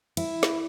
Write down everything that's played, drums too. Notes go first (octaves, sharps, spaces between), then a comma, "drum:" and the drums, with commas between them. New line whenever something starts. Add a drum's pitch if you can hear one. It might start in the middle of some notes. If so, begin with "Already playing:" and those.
E4, drum: cymbal
drum: snare